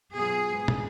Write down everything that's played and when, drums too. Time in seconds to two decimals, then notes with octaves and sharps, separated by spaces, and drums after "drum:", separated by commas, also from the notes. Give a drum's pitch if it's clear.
0.15 B2 F#3 B3 F4 G#4
0.49 G#2 G#3 B3
0.68 drum: tom